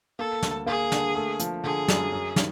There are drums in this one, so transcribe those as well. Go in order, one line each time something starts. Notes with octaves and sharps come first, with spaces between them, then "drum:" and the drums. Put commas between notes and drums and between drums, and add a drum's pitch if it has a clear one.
A#3 A4
D2, drum: snare
A#3 G#4
D3, drum: snare
A3
F3, drum: hi-hat
D3 G#4
F#2, drum: snare
F#2
D#3, drum: snare